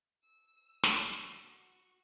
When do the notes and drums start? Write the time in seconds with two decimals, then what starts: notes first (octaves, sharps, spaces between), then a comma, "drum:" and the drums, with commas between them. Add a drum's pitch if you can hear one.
0.23 E6
0.83 drum: snare
1.31 F#4